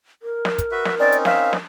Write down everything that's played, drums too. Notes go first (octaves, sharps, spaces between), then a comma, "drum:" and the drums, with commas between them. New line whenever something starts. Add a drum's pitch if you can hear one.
A#4
drum: snare
drum: kick, hi-hat
F#4 B4 E5
drum: snare
C4 C#4 D#4 D5
drum: hi-hat
E5 F5, drum: snare
drum: snare